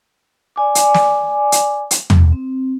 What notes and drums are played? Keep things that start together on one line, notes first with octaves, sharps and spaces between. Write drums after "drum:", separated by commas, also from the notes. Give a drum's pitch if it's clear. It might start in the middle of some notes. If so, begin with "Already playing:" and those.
D5 G#5 D6
drum: hi-hat
drum: snare
drum: hi-hat
drum: hi-hat
drum: tom
C4